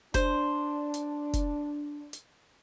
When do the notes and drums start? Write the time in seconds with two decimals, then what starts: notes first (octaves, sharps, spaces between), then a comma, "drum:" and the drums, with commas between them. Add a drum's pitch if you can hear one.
0.14 D4 C5, drum: kick F1, hi-hat
0.94 drum: hi-hat
1.33 drum: kick F1, hi-hat
2.13 drum: hi-hat